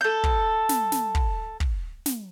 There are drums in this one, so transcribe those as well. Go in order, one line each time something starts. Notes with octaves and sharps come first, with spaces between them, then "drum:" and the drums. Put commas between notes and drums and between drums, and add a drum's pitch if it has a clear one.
A4 G6
drum: kick
drum: snare
drum: snare
drum: kick
drum: kick
drum: snare